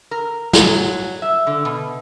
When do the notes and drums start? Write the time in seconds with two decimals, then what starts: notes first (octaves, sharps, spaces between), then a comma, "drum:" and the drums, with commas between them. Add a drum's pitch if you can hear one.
0.11 A#4
0.53 F#3, drum: snare
1.22 E5
1.47 D3
1.65 B2